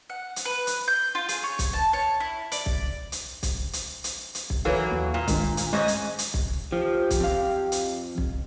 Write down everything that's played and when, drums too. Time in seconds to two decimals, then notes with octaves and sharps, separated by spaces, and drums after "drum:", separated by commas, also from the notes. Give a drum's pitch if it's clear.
0.10 F#5
0.36 drum: hi-hat
0.45 B4
0.67 drum: hi-hat
0.88 G6
1.15 F4
1.28 G#4, drum: hi-hat
1.44 C#5
1.59 drum: kick, hi-hat
1.73 A5
1.93 C#5
2.20 E4
2.52 D5, drum: hi-hat
2.66 drum: kick
3.12 drum: hi-hat
3.43 drum: kick, hi-hat
3.73 drum: hi-hat
4.04 drum: hi-hat
4.35 drum: hi-hat
4.50 drum: kick
4.65 E3 F#3 A#3 A4 B4 C#5
4.92 D#2
5.14 A#2
5.28 G2 D#3 G#3, drum: kick, hi-hat
5.57 drum: hi-hat
5.73 G#2 G#3 C#4 D#5
5.88 drum: hi-hat
6.19 drum: hi-hat
6.34 drum: kick
6.72 F3 G4
7.10 drum: kick, hi-hat
7.20 F2 F5
7.72 drum: hi-hat
8.18 drum: kick